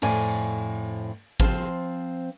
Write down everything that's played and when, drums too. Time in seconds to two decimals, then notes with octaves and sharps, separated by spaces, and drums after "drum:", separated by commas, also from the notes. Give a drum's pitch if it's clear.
0.02 F2 A2 D5 G#5, drum: cymbal
1.40 F3 C4, drum: kick G#1